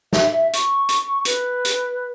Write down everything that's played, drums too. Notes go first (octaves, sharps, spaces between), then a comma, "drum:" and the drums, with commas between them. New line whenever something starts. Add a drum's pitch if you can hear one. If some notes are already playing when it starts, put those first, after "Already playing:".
E5, drum: snare
E5
C#6, drum: hi-hat
drum: hi-hat
B4, drum: hi-hat
drum: hi-hat